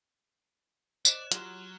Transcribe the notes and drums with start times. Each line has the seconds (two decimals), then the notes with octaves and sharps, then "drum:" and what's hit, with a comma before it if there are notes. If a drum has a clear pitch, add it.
1.05 C5 D5 D#5 F#6 E7, drum: tambourine
1.32 F#3 F4 G4 C6 F6, drum: hi-hat